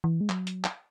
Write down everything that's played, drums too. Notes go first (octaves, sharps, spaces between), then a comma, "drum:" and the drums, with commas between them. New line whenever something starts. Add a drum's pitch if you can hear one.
E3
G#3
F#3, drum: clap
drum: hi-hat
drum: clap